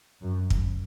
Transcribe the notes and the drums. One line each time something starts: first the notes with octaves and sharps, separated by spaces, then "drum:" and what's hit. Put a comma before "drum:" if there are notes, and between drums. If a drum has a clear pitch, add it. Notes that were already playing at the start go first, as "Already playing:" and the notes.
F#2
drum: kick